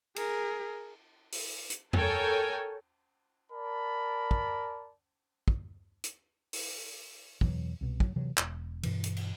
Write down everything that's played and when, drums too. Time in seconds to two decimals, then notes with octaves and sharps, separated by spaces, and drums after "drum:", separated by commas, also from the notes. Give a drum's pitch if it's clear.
0.16 G#4 A#4, drum: cymbal
1.32 drum: open hi-hat
1.70 drum: hi-hat
1.93 A4 A#4 C#5 G5 G#5, drum: tom E2
3.51 A#4 D5 A5 B5
4.31 drum: kick
5.48 drum: kick
6.04 drum: hi-hat
6.53 drum: open hi-hat
7.41 E2 B2 E3 F#3, drum: kick
7.81 C2 B2
8.00 F#3, drum: kick
8.16 C3 E3 F#3
8.37 E1, drum: clap
8.83 G2 B2 E3, drum: cymbal
9.04 drum: hi-hat
9.17 drum: cymbal